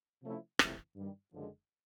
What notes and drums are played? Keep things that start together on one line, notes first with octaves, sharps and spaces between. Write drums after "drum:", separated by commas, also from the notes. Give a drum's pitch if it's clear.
C3 F3 A3 C#4 E4
F#1 F2 C3 E3 A3, drum: rim click
G2 D#3 G3
F#1 F#2 D3 F3 G#3